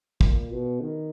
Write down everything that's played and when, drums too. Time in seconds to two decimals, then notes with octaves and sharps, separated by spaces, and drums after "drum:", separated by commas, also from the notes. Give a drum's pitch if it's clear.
0.21 A#2, drum: kick
0.51 B2
0.81 D#3